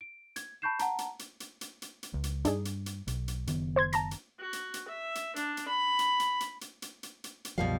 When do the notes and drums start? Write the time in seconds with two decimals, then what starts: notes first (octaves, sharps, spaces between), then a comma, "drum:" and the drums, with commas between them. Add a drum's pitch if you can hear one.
0.01 D7
0.36 G#6, drum: hi-hat
0.62 A5 B5 C#6 G6 C7 E7
0.79 F#5 A5 A#5, drum: hi-hat
0.98 drum: hi-hat
1.19 drum: hi-hat
1.40 drum: hi-hat
1.61 drum: hi-hat
1.82 drum: hi-hat
2.03 drum: hi-hat
2.14 C#2
2.24 drum: hi-hat
2.45 G2 D4 D#4 G#4, drum: hi-hat
2.65 drum: hi-hat
2.86 drum: hi-hat
3.07 B1, drum: hi-hat
3.28 drum: hi-hat
3.47 F#1 D#3 B3, drum: hi-hat
3.76 C5 C6 G#6
3.93 A5 A#5 A#6, drum: hi-hat
4.11 drum: hi-hat
4.39 F#4
4.53 drum: hi-hat
4.74 drum: hi-hat
4.88 E5
5.15 drum: hi-hat
5.36 D4, drum: hi-hat
5.57 drum: hi-hat
5.68 B5
5.99 drum: hi-hat
6.20 drum: hi-hat
6.40 drum: hi-hat
6.61 drum: hi-hat
6.82 drum: hi-hat
7.03 drum: hi-hat
7.24 drum: hi-hat
7.45 drum: hi-hat
7.58 C2 F#2 B2 F3 G3 F5